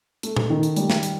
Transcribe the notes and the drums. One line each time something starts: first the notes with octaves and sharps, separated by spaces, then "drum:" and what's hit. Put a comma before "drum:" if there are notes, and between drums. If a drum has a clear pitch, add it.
A3, drum: hi-hat
drum: tom A#2
D#3
drum: hi-hat
G3, drum: hi-hat
drum: snare
drum: hi-hat